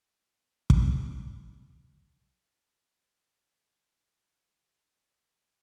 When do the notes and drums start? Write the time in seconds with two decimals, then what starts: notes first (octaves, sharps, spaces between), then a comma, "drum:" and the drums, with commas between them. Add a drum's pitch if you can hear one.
0.19 B3
0.70 drum: kick
1.30 E2 D3
1.97 D#4 E4 A4
3.42 C#3
5.05 C#5